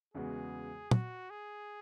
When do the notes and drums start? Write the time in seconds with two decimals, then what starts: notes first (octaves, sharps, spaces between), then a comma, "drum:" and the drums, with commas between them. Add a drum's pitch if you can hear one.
0.14 E2 C#3 G#3 B3 F#4 G#4
0.91 F#4, drum: tom
1.30 G#4